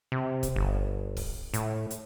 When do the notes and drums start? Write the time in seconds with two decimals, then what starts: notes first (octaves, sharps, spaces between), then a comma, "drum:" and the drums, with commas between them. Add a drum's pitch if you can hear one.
0.12 C3
0.43 drum: kick, hi-hat
0.56 G1
1.17 drum: kick, open hi-hat
1.54 A2, drum: hi-hat
1.90 drum: hi-hat